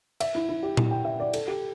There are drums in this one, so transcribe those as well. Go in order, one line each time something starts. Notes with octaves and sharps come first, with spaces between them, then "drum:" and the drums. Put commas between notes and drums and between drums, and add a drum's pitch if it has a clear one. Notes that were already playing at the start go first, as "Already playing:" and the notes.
E5, drum: cymbal
E4
E4
G4
E4, drum: tom A#2
G5
E5
D5
A4, drum: cymbal
G4